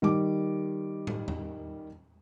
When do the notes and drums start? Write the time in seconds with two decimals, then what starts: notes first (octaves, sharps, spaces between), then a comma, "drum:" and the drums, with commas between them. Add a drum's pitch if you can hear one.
0.02 D#3 G3 D6
1.07 drum: tom
1.28 drum: tom E2